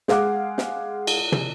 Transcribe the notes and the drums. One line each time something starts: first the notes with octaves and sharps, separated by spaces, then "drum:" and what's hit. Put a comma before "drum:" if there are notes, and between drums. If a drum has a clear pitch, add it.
G#3 G#4 F5 F#5 D6, drum: snare
drum: snare
drum: cymbal
drum: tom